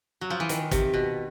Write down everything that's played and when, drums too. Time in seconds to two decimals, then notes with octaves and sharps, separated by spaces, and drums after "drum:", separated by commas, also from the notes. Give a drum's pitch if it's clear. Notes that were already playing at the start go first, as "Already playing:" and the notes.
0.21 F#3
0.30 F3
0.40 E3
0.49 D#3, drum: hi-hat
0.71 C3, drum: kick, hi-hat
0.94 B2